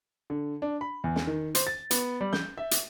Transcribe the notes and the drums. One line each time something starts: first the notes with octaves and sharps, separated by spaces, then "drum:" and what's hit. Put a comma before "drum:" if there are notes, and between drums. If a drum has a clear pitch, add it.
D3
D4
B5
E2
drum: snare
D#3
C5, drum: hi-hat
A6
B3, drum: hi-hat
G3
G6, drum: snare
E5
drum: hi-hat